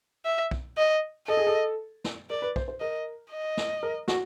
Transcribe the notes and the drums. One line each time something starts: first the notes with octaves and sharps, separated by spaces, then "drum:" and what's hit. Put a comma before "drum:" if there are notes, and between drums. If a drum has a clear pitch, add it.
E5
drum: kick
D#5
A4 D#5
G#4
A4
drum: snare
A#4 D5
B4
C5, drum: kick
C5
A#4 D#5
D#5
drum: snare
A#4
F#4, drum: snare